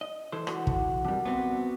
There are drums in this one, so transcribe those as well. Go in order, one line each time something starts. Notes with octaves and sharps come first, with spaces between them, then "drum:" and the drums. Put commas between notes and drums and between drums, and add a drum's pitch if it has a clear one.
D#5
E3 A4 C5
D4 F#4, drum: rim click
F#5, drum: kick
F2 G3 D4 A#4
B3 C4 F#4 D5 E5